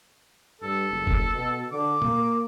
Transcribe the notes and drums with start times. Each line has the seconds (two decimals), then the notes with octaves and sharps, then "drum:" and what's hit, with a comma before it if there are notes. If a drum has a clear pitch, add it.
0.62 G2 A4
0.90 F#1
1.07 drum: kick
1.34 B2
1.72 D3 D6
2.02 A#3, drum: tom